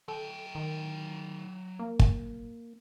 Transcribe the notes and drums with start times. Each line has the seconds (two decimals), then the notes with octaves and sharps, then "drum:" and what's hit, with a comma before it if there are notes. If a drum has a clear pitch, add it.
0.08 F#3 A4 G5
0.55 D#3
1.79 A#3
1.99 drum: kick